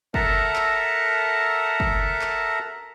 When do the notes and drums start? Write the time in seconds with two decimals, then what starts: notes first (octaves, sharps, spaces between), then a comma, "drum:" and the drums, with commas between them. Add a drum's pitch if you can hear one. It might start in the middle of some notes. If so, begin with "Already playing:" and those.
0.14 A4 A#4 E5 F#5 A5 A#5, drum: kick
0.56 drum: clap
1.80 drum: kick
2.21 drum: clap